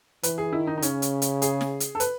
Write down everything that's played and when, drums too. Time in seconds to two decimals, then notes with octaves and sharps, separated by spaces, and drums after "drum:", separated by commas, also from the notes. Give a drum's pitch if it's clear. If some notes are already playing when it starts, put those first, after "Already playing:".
0.23 E3 B4, drum: hi-hat
0.38 G#4
0.53 D#3 E4
0.67 D#4
0.78 D#4
0.82 C#3 C#4, drum: hi-hat
1.02 drum: hi-hat
1.22 drum: hi-hat
1.42 G#4, drum: hi-hat
1.61 drum: snare
1.80 drum: hi-hat
1.95 A4
2.00 B4, drum: hi-hat